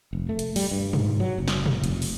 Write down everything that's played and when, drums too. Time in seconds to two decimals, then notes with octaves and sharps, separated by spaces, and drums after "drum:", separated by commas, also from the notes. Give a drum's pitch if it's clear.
0.13 F1
0.29 A3
0.39 drum: hi-hat
0.56 G3, drum: open hi-hat
0.71 G2
0.93 G#2, drum: tom A#2
1.20 F#3
1.38 F#1
1.48 drum: snare
1.66 drum: tom A#2
1.84 F1, drum: hi-hat
2.02 drum: open hi-hat